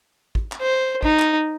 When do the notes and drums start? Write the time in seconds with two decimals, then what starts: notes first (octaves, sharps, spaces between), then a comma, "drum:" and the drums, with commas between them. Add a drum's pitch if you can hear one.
0.35 drum: kick
0.52 drum: clap
0.61 C5
1.03 D#4, drum: kick
1.19 drum: clap